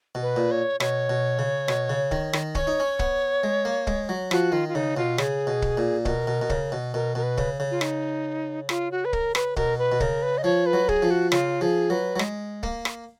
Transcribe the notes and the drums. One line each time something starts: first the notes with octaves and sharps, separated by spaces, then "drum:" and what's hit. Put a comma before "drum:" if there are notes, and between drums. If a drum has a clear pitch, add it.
B2
B4
A#2
C#5
B2 C#5, drum: rim click
B2
C#3
B2, drum: rim click
C#3
D#3, drum: kick
D#3, drum: rim click
C#4 C#5, drum: kick
D#4
C#4
B3, drum: kick
G#3
A#3
G#3, drum: kick
F#3
F3 F#4, drum: rim click
D#3 F4
F4
C#3 D#4
B2 F4
C#3 G#4, drum: rim click
B2
drum: kick
A#2
B2 A#4, drum: kick
B2
B2
C#3, drum: kick
B2
B2 A#4
B2 A#4
B4
C#3, drum: kick
C#3
F4
D#4, drum: rim click
F4, drum: rim click
F#4
B4
A#4, drum: kick
B4, drum: rim click
B2 A#4, drum: kick
B4
B2
C#3 A#4, drum: kick
B4
D#5
F3 C#5
B4
F#3
G#4, drum: kick
F3
F#4
C#3 F4, drum: rim click
F3 G#4
F#3 B4
F#3
G#3, drum: rim click
A#3, drum: kick
drum: rim click